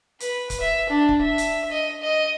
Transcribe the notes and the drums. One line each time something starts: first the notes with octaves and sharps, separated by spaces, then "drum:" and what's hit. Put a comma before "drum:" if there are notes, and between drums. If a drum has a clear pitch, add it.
B4, drum: hi-hat
drum: kick C#1, hi-hat
E5
D4
drum: kick C#1
E5
drum: hi-hat
D#5
D#5